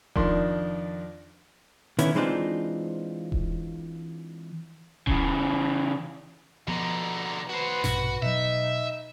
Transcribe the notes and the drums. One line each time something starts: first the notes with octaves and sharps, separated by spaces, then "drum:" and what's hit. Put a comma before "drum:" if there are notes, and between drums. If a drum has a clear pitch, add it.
F2 D#3 D4 C6, drum: kick D#1
D3 D#3 B3 C#4 E4, drum: hi-hat
E3 G#3 C4 D4 D#4 F4
drum: kick D#1
C#3 E3, drum: kick D#1
B2 D3 F3 B3 A#5
F#4 B4 C5
A#1 G2 B2 F#4, drum: snare
B2 F#3 D#4 E5